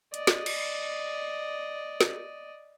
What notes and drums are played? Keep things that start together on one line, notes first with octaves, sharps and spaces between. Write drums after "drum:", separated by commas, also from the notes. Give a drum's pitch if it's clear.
D5 D#5, drum: hi-hat
drum: snare
drum: cymbal
drum: snare